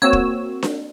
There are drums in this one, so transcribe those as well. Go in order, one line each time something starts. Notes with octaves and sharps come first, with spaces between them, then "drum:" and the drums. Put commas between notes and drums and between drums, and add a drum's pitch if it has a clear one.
A#3 C4 F#4 C#5 E6
drum: kick
drum: snare D4